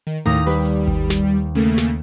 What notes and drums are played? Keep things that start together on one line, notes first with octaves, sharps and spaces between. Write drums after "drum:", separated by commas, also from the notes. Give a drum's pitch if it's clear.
D#3
D#2 A2 A#5 D#6 A#6
G3 B4 B6
drum: hi-hat
drum: kick G#1
drum: snare
C#3 A3 A#3, drum: hi-hat
drum: snare